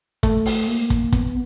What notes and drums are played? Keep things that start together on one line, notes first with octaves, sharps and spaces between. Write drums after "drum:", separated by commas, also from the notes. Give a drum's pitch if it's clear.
A3, drum: kick, hi-hat
drum: open hi-hat
A#3
drum: kick, hi-hat
B3, drum: kick, hi-hat